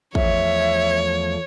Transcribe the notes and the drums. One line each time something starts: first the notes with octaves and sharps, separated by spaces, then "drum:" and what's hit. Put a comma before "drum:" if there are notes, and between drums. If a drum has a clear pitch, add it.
E2 F3 A3 C#5 E5, drum: kick